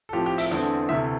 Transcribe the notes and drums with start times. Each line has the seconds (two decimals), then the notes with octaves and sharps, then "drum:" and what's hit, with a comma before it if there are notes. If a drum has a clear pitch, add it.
0.09 A4
0.13 A2 F3 C4 G4
0.26 G4
0.38 E5, drum: open hi-hat
0.51 E2 D3 A3 C4
0.89 D2 C3 E3 A3 E5